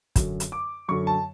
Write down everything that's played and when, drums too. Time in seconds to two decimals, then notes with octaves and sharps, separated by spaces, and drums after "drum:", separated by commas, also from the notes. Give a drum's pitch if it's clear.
0.16 F#2 D3 F#3, drum: kick, hi-hat
0.40 drum: hi-hat
0.52 D6
0.89 F#2 D3 F#3 C#6
1.07 A5